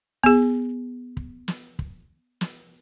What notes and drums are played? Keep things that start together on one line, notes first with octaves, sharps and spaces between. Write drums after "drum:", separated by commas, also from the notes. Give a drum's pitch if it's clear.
B3 G#4, drum: kick
drum: kick
drum: snare
drum: kick
drum: snare